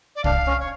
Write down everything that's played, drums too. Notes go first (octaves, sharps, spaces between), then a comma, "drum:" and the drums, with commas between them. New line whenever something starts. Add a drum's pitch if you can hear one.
D5
D4 F5, drum: kick
C#4
C#5